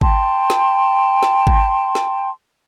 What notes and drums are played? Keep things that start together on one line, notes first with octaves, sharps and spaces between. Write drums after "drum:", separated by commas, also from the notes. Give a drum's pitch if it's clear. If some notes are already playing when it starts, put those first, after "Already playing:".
G5 A5 C6, drum: kick G#1
drum: snare
drum: snare
drum: kick G#1
drum: snare